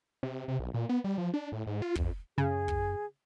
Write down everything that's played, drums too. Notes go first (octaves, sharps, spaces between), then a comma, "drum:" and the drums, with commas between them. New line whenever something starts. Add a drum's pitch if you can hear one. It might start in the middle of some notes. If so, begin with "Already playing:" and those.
C3
C3
B1
A#2
B3
G3
F3
D4
A2
G#2
F4
F2, drum: kick
F#2 C#3 G#4
drum: kick